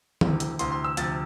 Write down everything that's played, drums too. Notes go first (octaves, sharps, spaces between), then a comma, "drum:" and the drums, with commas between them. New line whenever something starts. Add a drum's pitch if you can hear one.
D2 C3 E3, drum: tom D#3
drum: hi-hat
D2 C3 E3 C6, drum: hi-hat
C6
E6
D2 C3 F3 A6, drum: hi-hat